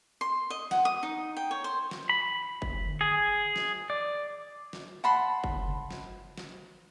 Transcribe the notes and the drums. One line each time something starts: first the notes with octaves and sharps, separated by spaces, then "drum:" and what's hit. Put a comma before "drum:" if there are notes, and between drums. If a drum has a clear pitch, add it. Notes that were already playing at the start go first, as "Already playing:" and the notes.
C6
D#5
F#5, drum: snare
D#6
D#4
G5
C#5
C5
drum: snare
B5
drum: kick F#1
drum: tom D3
G#4
drum: snare
D5
drum: snare
F#5 A5 B5 C6
drum: kick F#1
drum: tom C3
drum: snare
drum: snare